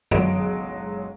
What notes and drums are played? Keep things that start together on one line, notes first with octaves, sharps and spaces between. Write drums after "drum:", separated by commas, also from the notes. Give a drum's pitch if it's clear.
F#1 B1 F#3 G#3 D#5 D7, drum: tom